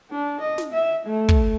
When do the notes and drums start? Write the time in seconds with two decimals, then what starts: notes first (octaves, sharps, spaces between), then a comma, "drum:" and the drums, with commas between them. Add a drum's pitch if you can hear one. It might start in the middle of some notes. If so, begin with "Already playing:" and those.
0.11 D4
0.40 D#5
0.58 drum: snare
0.72 E5
1.06 A3
1.29 drum: kick